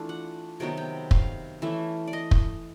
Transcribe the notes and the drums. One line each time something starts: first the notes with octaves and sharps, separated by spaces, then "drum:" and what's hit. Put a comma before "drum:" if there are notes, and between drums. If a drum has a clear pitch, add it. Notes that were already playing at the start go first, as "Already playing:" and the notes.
Already playing: E3 A3 D4 F4
F#5
C3 D#3 F#3 B3 G5
G5
F5, drum: kick
E3 A3 C#4 E5
D5
D#5
drum: kick